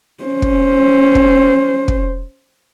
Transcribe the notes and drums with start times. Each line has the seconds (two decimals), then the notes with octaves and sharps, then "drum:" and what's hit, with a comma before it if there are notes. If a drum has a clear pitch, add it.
0.24 C#4 C5
0.42 drum: kick
1.15 drum: kick
1.88 drum: kick